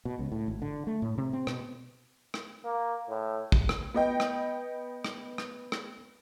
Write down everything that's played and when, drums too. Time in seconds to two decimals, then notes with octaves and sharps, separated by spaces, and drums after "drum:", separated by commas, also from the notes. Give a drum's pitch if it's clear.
0.05 B2
0.19 C#2
0.32 A2
0.48 G#1
0.62 D3
0.87 A3
1.02 A2
1.18 C3
1.33 C4
1.47 B2, drum: rim click
2.34 drum: rim click
2.65 A#3
3.08 A2
3.52 drum: kick
3.69 drum: rim click
3.94 B3 D#5 G5
4.20 drum: rim click
5.05 drum: rim click
5.38 drum: rim click
5.72 drum: rim click